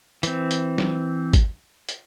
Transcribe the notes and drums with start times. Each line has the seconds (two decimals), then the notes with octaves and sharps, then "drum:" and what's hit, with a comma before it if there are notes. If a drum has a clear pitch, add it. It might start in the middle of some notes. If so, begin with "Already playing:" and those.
0.23 E3 C4, drum: hi-hat
0.51 drum: hi-hat
0.78 drum: snare
1.33 drum: kick G#1, hi-hat
1.89 drum: hi-hat